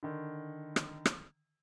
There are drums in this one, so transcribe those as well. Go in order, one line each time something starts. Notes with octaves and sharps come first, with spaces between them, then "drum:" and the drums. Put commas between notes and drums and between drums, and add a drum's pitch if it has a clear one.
D3 D#3
drum: rim click
drum: rim click